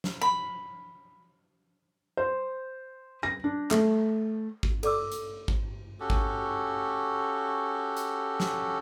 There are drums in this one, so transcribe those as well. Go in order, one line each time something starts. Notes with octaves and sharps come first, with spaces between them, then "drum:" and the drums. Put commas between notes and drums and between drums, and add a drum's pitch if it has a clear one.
drum: snare
B5
C5
A#6
D4
A3, drum: clap
drum: kick G#1
A4 D5 D6 E6, drum: cymbal
drum: hi-hat
drum: kick G#1
C#4 F#4 G4 A4
drum: kick G#1
drum: hi-hat
drum: snare